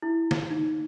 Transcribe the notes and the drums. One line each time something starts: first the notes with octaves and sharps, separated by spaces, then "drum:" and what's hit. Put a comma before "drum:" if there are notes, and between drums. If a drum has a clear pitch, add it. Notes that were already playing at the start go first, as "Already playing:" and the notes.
E4
drum: snare
D#4